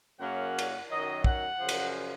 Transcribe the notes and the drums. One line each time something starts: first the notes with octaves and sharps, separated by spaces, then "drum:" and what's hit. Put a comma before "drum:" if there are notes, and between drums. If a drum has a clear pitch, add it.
F#2 C#3 F#3 A#3 C#4 F#5
drum: cymbal
F#2 D#3 F#3 D#5
F#5, drum: kick
F#2 C#3 F3
drum: cymbal